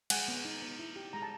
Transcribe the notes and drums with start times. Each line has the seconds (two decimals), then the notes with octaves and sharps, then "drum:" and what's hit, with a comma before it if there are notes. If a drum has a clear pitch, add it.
0.10 G#3 F#5 G#5, drum: cymbal
0.28 B3
0.45 D#4
0.62 B3
0.79 E4
0.96 G4
1.13 G#3 A#5
1.22 A5